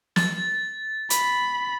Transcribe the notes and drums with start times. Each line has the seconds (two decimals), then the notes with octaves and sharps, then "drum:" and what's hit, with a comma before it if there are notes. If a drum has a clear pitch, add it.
0.16 A6, drum: snare
1.10 B5, drum: hi-hat